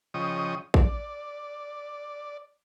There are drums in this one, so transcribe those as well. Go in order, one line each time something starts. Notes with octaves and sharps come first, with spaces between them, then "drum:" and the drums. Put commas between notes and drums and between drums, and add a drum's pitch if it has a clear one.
C#3 F3 D#5 G5 C#6 D#6
D5, drum: kick A1